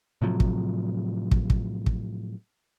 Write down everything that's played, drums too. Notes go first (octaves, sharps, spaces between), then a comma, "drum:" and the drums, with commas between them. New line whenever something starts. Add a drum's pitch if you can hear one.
A2 C3 F3 F#3
drum: kick
drum: kick
drum: kick
drum: kick